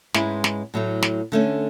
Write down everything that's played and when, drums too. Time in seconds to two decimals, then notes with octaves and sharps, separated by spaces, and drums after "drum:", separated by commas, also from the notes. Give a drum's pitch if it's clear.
0.14 G#2 G#3 C#4 E4 B4, drum: snare
0.44 drum: snare
0.74 A2 F#3 A3
1.02 drum: snare
1.32 D3 A3 C#4